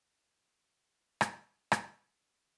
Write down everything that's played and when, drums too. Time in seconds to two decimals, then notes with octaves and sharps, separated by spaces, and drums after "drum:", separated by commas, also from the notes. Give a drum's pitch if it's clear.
0.45 D3 B3 D4 B4 C5 F5
1.21 drum: rim click
1.72 drum: rim click